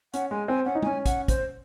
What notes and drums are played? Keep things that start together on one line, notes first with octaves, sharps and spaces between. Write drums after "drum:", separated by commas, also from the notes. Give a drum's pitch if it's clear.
C#4 F#5, drum: hi-hat
G#3 G#5
C4 G#5
C#4 F#5
D#4
C#4 G#5, drum: tom G#3
F#5, drum: kick, hi-hat
C5, drum: kick, hi-hat